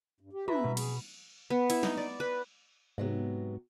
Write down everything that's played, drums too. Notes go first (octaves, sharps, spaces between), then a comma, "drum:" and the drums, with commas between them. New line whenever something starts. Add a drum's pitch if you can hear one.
G2
G4
B4 E5 A#5 B5, drum: tom
B2
G#4, drum: cymbal
B3
E4, drum: cymbal
D#4, drum: snare
D5
B4
G#2 C3 F#3 B3